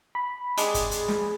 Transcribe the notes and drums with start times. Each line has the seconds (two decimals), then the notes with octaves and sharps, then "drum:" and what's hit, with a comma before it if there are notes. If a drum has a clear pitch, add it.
0.15 B5
0.57 C3 G#3 D4 G#4, drum: hi-hat
0.74 drum: kick, hi-hat
0.91 drum: hi-hat
1.08 drum: snare